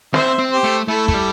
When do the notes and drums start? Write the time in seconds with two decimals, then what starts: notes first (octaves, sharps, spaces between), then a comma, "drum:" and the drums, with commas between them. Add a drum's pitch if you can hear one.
0.14 C4 C5 E5, drum: snare
0.39 C4
0.51 G4 C5
0.64 A3
0.88 A3 E4 A4
1.08 A3, drum: kick
1.14 G3